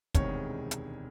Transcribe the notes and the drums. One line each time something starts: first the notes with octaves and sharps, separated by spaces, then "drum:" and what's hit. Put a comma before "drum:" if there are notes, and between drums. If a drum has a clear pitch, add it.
E1 D2 C3 D#3 G#3 C#5, drum: kick, hi-hat
drum: hi-hat